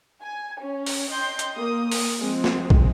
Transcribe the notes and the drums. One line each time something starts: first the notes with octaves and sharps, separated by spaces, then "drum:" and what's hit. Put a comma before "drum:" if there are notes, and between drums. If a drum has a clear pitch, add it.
G#5
C#4
drum: open hi-hat
D#5 G5 C6 G6
drum: hi-hat
A#3 D#6
drum: open hi-hat
F3 G#3 C4
drum: snare
drum: kick